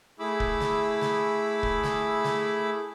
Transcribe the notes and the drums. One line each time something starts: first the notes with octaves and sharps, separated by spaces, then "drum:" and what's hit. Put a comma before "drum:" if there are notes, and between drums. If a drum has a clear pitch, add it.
A3 E4 G#4 B5 D6 E6
drum: kick
drum: snare
drum: snare
drum: kick
drum: snare
drum: snare